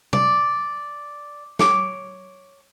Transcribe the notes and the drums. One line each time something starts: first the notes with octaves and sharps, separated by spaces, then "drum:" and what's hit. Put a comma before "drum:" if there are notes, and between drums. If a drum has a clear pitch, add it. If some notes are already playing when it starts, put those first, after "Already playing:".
D5, drum: tom C3
C#5 D6, drum: snare